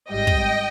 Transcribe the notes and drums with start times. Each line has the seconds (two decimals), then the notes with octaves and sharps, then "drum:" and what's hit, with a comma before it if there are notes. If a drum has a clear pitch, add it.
0.10 G#1 G#2 G3 D#5 G5
0.27 drum: kick